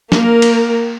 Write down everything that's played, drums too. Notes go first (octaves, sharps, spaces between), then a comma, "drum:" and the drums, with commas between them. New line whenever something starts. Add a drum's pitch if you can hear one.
A#3 A#4, drum: snare
drum: cymbal